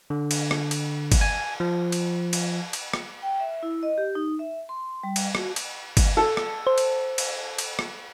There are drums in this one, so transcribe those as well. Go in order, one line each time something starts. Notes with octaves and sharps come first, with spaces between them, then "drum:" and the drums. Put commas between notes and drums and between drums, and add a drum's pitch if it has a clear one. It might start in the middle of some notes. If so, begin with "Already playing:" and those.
D3
drum: cymbal
drum: rim click
drum: cymbal
drum: kick, cymbal
G#5
F3
drum: cymbal
drum: cymbal
drum: cymbal
drum: rim click
G5
E5
E4
D#5
G4
D#4
E5
C6
G3
drum: cymbal
F#4, drum: rim click
drum: cymbal
drum: kick, cymbal
A4
drum: rim click
C5
drum: cymbal
drum: cymbal
drum: cymbal
drum: rim click